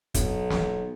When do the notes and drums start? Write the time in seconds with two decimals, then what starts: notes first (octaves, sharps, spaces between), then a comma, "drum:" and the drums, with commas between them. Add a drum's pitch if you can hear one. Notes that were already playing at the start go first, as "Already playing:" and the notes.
0.14 B1, drum: kick, hi-hat
0.50 drum: snare